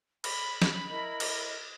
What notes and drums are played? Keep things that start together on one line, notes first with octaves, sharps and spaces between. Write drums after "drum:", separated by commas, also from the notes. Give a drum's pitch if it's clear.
B5, drum: cymbal
drum: snare
E4 A#4 D#5
drum: cymbal